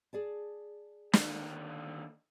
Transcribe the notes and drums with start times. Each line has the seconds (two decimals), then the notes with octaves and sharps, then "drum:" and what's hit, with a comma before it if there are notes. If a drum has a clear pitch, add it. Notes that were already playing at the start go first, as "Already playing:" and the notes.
0.13 G#4 D5 A5
1.13 D#2 D3, drum: snare